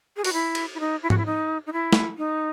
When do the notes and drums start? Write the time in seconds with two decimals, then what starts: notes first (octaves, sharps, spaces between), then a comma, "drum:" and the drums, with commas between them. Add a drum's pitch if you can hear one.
0.17 G#4
0.24 F#4, drum: open hi-hat
0.33 E4
0.55 drum: cymbal
0.75 E4
0.80 D#4
1.03 E4
1.10 F#4, drum: tom G#2
1.18 E4
1.26 D#4
1.66 D#4
1.73 E4
1.93 drum: snare
2.18 D#4